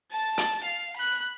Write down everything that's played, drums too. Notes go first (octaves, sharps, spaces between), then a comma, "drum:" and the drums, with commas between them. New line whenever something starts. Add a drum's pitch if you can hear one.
A5 A6
drum: hi-hat
F5
B5 F#6